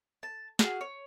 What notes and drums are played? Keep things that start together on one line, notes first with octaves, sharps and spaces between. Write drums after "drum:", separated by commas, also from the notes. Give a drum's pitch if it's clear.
A5
F#4 G#4 F5, drum: snare
C#5